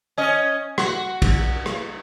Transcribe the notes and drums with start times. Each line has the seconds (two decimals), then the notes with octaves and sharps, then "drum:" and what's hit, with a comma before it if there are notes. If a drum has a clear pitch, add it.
0.18 C#4 D#5
0.78 F#4, drum: rim click
1.22 drum: kick, cymbal
1.66 drum: rim click